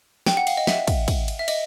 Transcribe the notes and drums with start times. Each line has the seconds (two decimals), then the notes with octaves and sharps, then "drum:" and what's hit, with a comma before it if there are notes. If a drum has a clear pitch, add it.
0.26 G5, drum: snare
0.37 F#5
0.47 F5, drum: cymbal
0.57 D#5
0.67 E5, drum: snare
0.87 drum: kick, cymbal
1.08 drum: kick, cymbal
1.28 drum: cymbal
1.39 E5
1.48 D#5, drum: cymbal